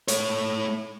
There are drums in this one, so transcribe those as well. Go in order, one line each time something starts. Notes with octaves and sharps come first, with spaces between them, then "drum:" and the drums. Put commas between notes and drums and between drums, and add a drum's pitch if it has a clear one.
A3 C#5, drum: hi-hat